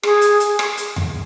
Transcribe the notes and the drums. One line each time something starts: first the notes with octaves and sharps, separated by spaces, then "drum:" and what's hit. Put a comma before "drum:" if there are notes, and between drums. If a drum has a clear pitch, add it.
G#4, drum: rim click
drum: hi-hat
drum: hi-hat
drum: rim click
drum: hi-hat
drum: tom E2